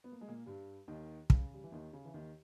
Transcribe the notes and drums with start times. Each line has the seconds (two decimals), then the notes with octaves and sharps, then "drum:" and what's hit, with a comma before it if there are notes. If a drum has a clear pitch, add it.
0.04 B3
0.12 A#3
0.21 G#3
0.28 A#2 A#3
0.46 G2 G3
0.88 D#2 D#3
1.30 C#3, drum: kick
1.54 G3
1.64 E3
1.72 D#2 D#3
1.93 C#3
2.05 E3
2.14 D#2 D#3